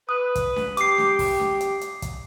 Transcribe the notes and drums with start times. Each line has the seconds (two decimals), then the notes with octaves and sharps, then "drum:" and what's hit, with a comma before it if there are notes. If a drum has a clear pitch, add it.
0.09 B4 D#6
0.35 drum: kick, hi-hat
0.56 drum: snare C#4
0.77 G4 D6 C7, drum: hi-hat
0.98 drum: snare C#4
1.19 drum: kick, open hi-hat
1.40 drum: snare C#4
1.61 drum: hi-hat
1.81 drum: hi-hat
2.02 drum: kick, hi-hat